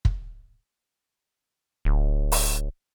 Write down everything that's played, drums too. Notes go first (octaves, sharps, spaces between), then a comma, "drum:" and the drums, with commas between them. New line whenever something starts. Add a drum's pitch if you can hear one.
drum: kick
D1
drum: open hi-hat